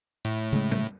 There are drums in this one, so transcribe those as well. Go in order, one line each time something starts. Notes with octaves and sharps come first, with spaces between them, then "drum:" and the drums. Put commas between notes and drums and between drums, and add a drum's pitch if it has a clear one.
A2
C#3 G#3
drum: tom